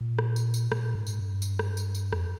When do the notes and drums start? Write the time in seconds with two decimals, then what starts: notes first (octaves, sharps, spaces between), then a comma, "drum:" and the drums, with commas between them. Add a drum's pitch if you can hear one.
0.01 A#2
0.19 drum: rim click
0.36 drum: tambourine
0.54 drum: tambourine
0.72 A#2, drum: rim click
0.95 G#2
1.07 drum: tambourine
1.19 G2
1.42 drum: tambourine
1.59 drum: rim click
1.77 drum: tambourine
1.95 drum: tambourine
2.13 F2, drum: rim click